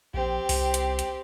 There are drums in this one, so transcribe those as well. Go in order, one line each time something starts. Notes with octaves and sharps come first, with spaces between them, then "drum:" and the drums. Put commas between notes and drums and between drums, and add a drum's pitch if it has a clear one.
A#1 C4 G4
C2, drum: open hi-hat
drum: hi-hat
drum: hi-hat